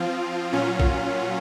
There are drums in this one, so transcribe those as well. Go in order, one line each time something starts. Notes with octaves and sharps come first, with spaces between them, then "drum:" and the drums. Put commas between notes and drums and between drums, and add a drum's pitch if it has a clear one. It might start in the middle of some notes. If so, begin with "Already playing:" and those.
Already playing: F3 C4 F4
A#2 F#3 C#4 F4
drum: kick